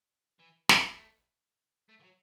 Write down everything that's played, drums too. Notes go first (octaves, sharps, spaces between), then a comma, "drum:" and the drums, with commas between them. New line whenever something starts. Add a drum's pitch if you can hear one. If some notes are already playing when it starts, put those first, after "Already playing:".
E3
A3, drum: snare
A3
E3
F#3